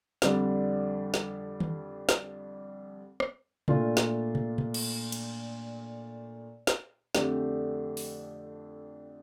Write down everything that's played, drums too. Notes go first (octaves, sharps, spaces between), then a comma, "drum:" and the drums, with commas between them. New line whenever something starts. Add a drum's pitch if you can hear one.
F2 D3 G3 D4, drum: snare
drum: snare
drum: tom D#3
drum: snare
drum: rim click
A#2 A3 D4 F4, drum: tom C3
drum: snare
drum: tom B2
drum: tom B2
drum: cymbal
drum: cymbal
drum: snare
F2 D3 A3 D4 G4, drum: snare
drum: open hi-hat